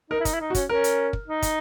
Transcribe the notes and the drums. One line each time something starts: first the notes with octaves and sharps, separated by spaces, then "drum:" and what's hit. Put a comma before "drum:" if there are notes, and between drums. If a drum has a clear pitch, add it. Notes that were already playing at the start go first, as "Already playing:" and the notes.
D#4 A#4
E4
D#4, drum: kick, hi-hat
E4
D#4
F#4
C#4, drum: kick, hi-hat
C#4 A#4
drum: hi-hat
drum: kick
D#4
drum: kick, hi-hat